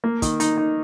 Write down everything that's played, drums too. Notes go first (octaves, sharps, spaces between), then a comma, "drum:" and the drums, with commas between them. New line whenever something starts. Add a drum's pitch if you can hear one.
A#3
D#3, drum: kick, hi-hat
D#4, drum: hi-hat
D#4